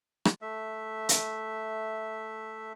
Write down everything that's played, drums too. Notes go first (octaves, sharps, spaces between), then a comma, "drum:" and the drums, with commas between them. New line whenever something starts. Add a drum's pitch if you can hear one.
drum: rim click
A3 E5
drum: hi-hat